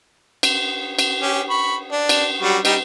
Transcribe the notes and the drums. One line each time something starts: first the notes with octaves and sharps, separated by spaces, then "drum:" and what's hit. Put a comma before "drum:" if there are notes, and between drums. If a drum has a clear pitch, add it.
drum: cymbal
drum: cymbal
C#4 G4
B5 C#6
D4
drum: cymbal
F#3 G3 F#4
G3 D#4 G4, drum: cymbal